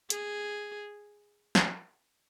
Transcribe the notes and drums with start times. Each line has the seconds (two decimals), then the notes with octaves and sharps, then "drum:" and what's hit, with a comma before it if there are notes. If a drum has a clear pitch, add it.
0.10 G#4, drum: hi-hat
1.55 drum: snare